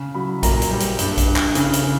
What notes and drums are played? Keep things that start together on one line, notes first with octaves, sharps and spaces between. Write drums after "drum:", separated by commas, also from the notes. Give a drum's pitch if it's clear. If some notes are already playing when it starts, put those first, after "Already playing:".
Already playing: C#3
F#3 B5
A#2 A#5, drum: kick A#1, hi-hat
drum: hi-hat
G3
drum: hi-hat
G2, drum: hi-hat
drum: kick A#1, hi-hat
G2
drum: clap
C#3, drum: hi-hat
drum: hi-hat
C#3